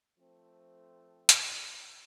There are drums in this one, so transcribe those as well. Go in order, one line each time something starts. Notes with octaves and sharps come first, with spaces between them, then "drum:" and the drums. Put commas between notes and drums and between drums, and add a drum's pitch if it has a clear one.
F3 A3 C4
drum: hi-hat